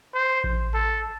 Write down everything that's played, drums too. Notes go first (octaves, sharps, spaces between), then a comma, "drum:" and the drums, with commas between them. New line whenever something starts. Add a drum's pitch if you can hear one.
C5
drum: kick A1
A4